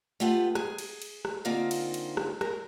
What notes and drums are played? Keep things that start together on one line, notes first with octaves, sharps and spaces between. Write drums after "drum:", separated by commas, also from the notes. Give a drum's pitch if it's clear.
A3 B3 F4 G4 F#5
G#4, drum: rim click
drum: cymbal
drum: cymbal
drum: rim click
D3 A#3 C4 D#4 F4
drum: cymbal
drum: cymbal
drum: rim click
A#4, drum: rim click